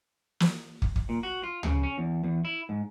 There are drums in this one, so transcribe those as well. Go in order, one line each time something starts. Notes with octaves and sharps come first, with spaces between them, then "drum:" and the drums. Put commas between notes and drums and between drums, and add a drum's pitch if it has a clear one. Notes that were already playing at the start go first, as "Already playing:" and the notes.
drum: snare
drum: kick
drum: kick
A#2
F#4
F4
C#3, drum: tom C#2
C#4
E2
E2
E4
G#2